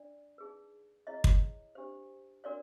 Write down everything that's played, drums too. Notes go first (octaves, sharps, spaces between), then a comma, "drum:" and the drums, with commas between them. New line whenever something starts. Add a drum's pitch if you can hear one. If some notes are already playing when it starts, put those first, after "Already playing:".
Already playing: D4 D5
D#4 G#4 B4
E4 G#4 C#5 D#5
drum: kick
D4 G4 C5
D4 F#4 A#4 C#5 D5